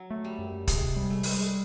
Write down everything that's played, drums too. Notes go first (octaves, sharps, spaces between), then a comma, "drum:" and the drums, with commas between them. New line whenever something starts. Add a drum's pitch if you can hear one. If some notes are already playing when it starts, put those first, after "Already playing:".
Already playing: F#3
A3
G3
F#2
C3 G#3, drum: kick, hi-hat
G3
A3
G3 A3, drum: open hi-hat
G#3